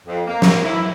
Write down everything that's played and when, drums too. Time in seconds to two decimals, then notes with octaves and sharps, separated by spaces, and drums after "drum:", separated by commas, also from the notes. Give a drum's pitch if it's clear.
0.07 F2
0.27 A#3
0.42 drum: snare
0.64 E4